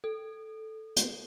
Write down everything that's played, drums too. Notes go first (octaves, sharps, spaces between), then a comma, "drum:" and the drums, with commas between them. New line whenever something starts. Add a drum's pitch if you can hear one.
A4
drum: hi-hat